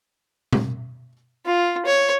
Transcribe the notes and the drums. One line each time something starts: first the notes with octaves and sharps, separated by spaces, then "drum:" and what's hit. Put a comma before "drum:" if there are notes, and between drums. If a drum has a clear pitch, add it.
drum: tom B2
F4
C#5